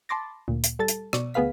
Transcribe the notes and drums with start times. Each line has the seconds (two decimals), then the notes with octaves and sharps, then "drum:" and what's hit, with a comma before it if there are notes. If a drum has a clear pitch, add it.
0.09 A5 B5 C6 D6 A6 A#6
0.48 D2 A#2
0.64 drum: hi-hat
0.79 G3 A4 A5 A6
0.88 drum: hi-hat
1.13 B2 D5 C#6, drum: rim click
1.34 D2 B3 G#4 B4 F5 B6